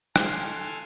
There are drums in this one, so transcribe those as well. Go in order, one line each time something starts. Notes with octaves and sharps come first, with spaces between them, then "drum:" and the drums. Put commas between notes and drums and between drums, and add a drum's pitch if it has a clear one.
A4 F5 G#5 C6 F6, drum: rim click